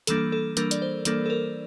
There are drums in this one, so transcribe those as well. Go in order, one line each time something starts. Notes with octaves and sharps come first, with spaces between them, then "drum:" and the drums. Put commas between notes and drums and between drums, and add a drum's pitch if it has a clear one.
E3 G3 A#3 D4 A4, drum: hi-hat
A4
E3 G3 A#3 D4 A#4, drum: hi-hat
D5, drum: hi-hat
C5
E3 G3 A#3 D4 A4, drum: hi-hat
A4
A#4